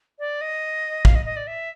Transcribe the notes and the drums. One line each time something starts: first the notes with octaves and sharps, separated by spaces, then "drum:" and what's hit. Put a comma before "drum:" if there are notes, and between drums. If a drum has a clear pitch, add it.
D5
D#5
F5, drum: kick
D#5
D#5
D5
E5